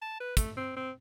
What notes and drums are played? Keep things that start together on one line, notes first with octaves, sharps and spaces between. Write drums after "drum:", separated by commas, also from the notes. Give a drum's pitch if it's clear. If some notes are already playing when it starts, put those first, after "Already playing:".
A5
B4
A3, drum: kick, hi-hat
C4
C4